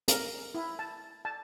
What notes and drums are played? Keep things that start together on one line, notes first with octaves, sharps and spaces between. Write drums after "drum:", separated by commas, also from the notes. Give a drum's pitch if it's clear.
A#4, drum: hi-hat
E4
A5
A5